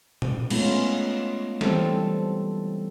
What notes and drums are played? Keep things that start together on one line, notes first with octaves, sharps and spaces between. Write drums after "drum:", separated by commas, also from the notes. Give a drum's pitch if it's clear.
drum: tom A#2
G#3 A3 B3 C#4 F4, drum: cymbal
E3 G3 C4 A4, drum: snare